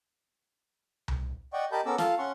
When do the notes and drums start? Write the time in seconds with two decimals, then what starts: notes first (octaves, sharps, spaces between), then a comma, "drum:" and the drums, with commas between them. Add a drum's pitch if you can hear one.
1.08 drum: tom C2
1.53 D5 D#5 F#5 G5 C#6
1.72 G4 A#4 D#5 A5 B5 G6
1.86 B3 C#4 A4 A#4 D6 E6
1.98 F4 A4 F5 A5, drum: snare
2.18 C#4 F#5 C6 C#6